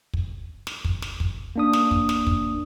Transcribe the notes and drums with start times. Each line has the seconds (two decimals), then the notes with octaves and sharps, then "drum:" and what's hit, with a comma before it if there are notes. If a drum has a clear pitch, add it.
0.14 drum: kick
0.67 drum: snare
0.85 drum: kick
1.02 drum: snare
1.20 drum: kick
1.56 A#3 D4 D#6
1.73 drum: snare
1.91 drum: kick
2.09 drum: snare
2.27 drum: kick